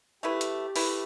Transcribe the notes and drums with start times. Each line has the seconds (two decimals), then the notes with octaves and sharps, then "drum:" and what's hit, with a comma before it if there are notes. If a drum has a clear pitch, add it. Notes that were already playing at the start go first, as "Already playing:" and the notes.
0.23 A3 E4 G4 B4
0.41 drum: hi-hat
0.76 A3 E4 B4, drum: open hi-hat